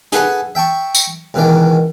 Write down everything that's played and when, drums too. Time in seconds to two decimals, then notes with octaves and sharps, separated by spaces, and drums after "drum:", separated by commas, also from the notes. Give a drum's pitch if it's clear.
0.12 G#4 A4 B4 F#5 G#5 A5, drum: hi-hat
0.55 E5 G5 A5 C#6
0.95 drum: tambourine
1.34 C#2 B2 D#3 E3 A#4 D5